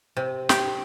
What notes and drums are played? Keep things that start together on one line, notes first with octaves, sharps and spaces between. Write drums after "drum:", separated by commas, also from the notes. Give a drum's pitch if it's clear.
C3
G4, drum: snare